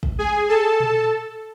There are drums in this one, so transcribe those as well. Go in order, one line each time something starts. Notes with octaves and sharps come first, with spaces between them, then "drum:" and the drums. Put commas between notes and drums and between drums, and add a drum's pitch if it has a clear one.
drum: kick
G#4 G#5, drum: tom G#3
A4 A5
drum: tom A#2